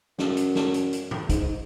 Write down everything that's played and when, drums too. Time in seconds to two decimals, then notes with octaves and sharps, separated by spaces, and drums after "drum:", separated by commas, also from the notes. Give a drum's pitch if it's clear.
0.19 F#2, drum: snare
0.37 drum: hi-hat
0.55 drum: snare
0.74 drum: hi-hat
0.93 drum: hi-hat
1.11 drum: tom G2
1.29 G#2, drum: kick, hi-hat
1.40 G#2